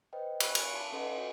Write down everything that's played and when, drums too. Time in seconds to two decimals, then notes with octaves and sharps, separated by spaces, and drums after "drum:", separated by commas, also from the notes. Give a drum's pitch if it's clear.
0.13 B4 C5 D#5 G5
0.40 B5 C#6 E6 F#6, drum: cymbal
0.55 drum: cymbal
0.74 A5 C6 D6
0.92 C#4 A4 B4 D#5 F#5 C6
1.18 F#4